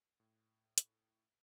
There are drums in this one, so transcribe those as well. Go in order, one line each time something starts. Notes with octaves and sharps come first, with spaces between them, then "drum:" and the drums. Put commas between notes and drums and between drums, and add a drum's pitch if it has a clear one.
A2
drum: hi-hat